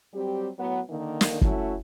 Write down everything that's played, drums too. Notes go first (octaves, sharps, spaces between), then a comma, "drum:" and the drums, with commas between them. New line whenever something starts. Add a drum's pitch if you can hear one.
F#3 G3 C4 G4
A2 F#3 B3
D3 D#3 A#3
drum: snare
A3 C#4 E4 F#4, drum: kick